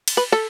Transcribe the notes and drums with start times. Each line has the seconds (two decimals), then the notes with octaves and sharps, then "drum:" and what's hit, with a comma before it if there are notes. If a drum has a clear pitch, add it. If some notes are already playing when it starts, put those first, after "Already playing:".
0.08 drum: cymbal
0.17 B4
0.32 A4